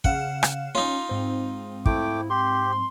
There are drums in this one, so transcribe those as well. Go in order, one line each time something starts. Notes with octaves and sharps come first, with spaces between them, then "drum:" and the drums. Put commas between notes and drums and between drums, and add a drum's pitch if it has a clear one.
C#3 F5 F#5 E7, drum: kick
drum: rim click
C#4 D#4 F4
G#2 C4
A3 E4 G5 D6, drum: kick
G4 C6